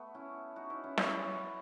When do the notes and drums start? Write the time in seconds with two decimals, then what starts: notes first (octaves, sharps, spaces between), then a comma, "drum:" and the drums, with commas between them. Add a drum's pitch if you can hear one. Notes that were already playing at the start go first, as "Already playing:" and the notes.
Already playing: A3 B3 F#4
0.14 C#4 E4
0.56 D#4 F#4
0.70 C#4 E4
0.84 C#4 E4
0.98 C#4 E4, drum: snare